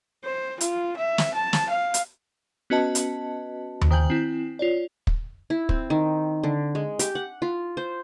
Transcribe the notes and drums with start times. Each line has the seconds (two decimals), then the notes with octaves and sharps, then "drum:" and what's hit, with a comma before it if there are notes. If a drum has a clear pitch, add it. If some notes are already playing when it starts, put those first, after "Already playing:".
0.24 C5
0.61 F4, drum: hi-hat
0.97 E5
1.18 drum: snare
1.34 A5
1.53 drum: snare
1.69 F5
1.94 drum: hi-hat
2.70 B3 C#4 F#4 B4 D#5 A5
2.95 drum: hi-hat
3.81 drum: tom D#2
3.91 D#3 C5 G5 G#5 G6 F#7
4.10 C4 E4
4.59 F4 C#5 D5
5.07 drum: kick
5.50 E4
5.69 C4, drum: kick
5.90 D#3
6.43 D3
6.75 G#3
6.99 G4, drum: hi-hat
7.15 F#5
7.42 F4
7.77 C5